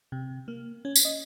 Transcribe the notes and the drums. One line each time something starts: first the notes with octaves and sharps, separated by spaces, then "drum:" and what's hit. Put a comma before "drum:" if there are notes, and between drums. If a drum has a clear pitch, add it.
C3
A#3
C#4
drum: tambourine
D#5